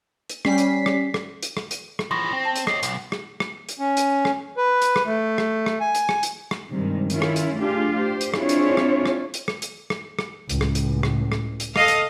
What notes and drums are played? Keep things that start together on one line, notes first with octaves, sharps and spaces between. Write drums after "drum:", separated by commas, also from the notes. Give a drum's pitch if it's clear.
drum: hi-hat
G3 C#4 B6 C7, drum: rim click
drum: hi-hat
drum: rim click
drum: rim click
drum: hi-hat
drum: rim click
drum: hi-hat
drum: rim click
E3 F3 C6 C#6 A#6
C4
A5
drum: hi-hat
C#5 D#5 C7, drum: rim click
B1, drum: hi-hat
drum: rim click
drum: rim click
drum: hi-hat
C#4
drum: hi-hat
drum: rim click
B4
drum: hi-hat
drum: rim click
A3
drum: rim click
drum: rim click
G#5
drum: hi-hat
drum: rim click
drum: hi-hat
drum: rim click
G2 C3 D#3 G3 G#3
D#3 C#4 E4 F4, drum: hi-hat
drum: rim click
drum: hi-hat
A3 D4 F4 G4 G#4
G4 C5
drum: hi-hat
C4 D4 E4 F4 G#4 C#5, drum: rim click
drum: hi-hat
drum: rim click
drum: rim click
drum: hi-hat
drum: rim click
drum: hi-hat
drum: rim click
drum: rim click
C#2 A2, drum: hi-hat
drum: rim click
drum: hi-hat
drum: rim click
drum: rim click
drum: hi-hat
A4 D#5 F5, drum: rim click
drum: hi-hat